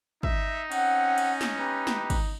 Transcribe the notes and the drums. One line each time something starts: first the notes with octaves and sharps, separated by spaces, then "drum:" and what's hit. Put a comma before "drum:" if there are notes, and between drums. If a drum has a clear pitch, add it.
D#4 E5, drum: kick
C4 C#4 F#5, drum: cymbal
drum: cymbal
drum: snare
G4 B4 A#5
drum: snare
drum: kick, cymbal